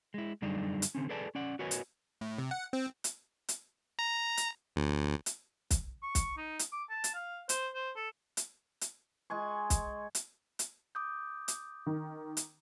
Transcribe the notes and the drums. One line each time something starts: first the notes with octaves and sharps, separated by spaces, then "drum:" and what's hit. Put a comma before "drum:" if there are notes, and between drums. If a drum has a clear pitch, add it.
G#3 E4
F#2 D3 G3 D4 D#4 G#4
drum: hi-hat
D3 C4 C#4
G#4 A4 B4 D5 G#5 A5
C#4 D5 F#5
F#4 A#4 B4 C#5 D#5 G#5
drum: hi-hat
A2
C3
F#5
C4
drum: hi-hat
drum: hi-hat
A#5
drum: hi-hat
D2
drum: hi-hat
drum: kick, hi-hat
C#6
drum: kick, hi-hat
D#4
drum: hi-hat
D6
A5
drum: hi-hat
F5
C5, drum: hi-hat
C5
A4
drum: hi-hat
drum: hi-hat
G#3 G#5 C#6
drum: kick, hi-hat
drum: hi-hat
drum: hi-hat
D6 D#6 G6
drum: hi-hat
D#3
drum: hi-hat